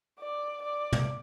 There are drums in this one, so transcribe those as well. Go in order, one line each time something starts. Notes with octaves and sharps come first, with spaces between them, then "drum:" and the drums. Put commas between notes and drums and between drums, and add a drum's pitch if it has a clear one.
D5
D5
drum: tom